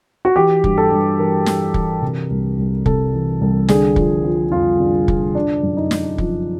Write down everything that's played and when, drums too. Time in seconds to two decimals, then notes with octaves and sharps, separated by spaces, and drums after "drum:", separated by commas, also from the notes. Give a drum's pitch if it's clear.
0.25 F#4
0.36 E3 G4
0.64 G2, drum: kick
0.78 A4
0.91 G2
1.18 E3 A#4
1.46 E3, drum: snare
1.74 E3, drum: kick
2.02 C3
2.30 C2
2.58 C2
2.86 C3 A4, drum: kick
3.13 E3
3.41 C2
3.68 D3 G#4, drum: snare
3.96 F3, drum: kick
4.24 F3
4.51 F2 F4
4.80 D3
5.08 D3, drum: kick
5.35 D3 D4
5.63 F#2
5.77 D#4
5.91 F#2, drum: snare
6.18 F3, drum: kick